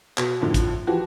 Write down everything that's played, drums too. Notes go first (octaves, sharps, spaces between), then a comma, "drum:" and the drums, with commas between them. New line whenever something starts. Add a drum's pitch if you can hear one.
B2, drum: clap
F2 A2 D3 D#3
drum: kick A1, hi-hat
E3 F3 F#4 G4